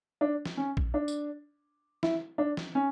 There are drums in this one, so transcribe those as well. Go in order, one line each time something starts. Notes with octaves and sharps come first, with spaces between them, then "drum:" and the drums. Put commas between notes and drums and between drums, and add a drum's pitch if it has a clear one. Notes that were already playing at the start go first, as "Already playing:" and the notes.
D4
drum: snare
C#4
drum: kick A#1
D4
drum: tambourine
E4, drum: snare
D4
drum: snare
C#4